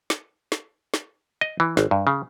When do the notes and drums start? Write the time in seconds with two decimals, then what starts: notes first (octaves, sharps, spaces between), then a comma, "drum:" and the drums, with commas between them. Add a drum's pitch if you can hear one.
0.10 drum: snare
0.52 drum: snare
0.94 drum: snare
1.41 D#5
1.60 E3
1.77 G#1, drum: snare
1.91 G2
2.07 C#3